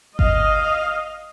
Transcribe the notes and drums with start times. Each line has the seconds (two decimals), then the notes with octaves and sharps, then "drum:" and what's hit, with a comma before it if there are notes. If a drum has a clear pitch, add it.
0.19 D#5 F5, drum: kick G#1